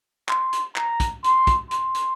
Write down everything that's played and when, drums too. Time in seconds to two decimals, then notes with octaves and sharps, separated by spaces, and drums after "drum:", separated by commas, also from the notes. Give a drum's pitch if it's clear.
0.29 C6, drum: clap
0.53 drum: hi-hat
0.76 A#5, drum: clap
1.00 drum: kick, hi-hat
1.24 C6, drum: hi-hat
1.47 drum: kick, hi-hat
1.71 C6, drum: hi-hat
1.95 drum: hi-hat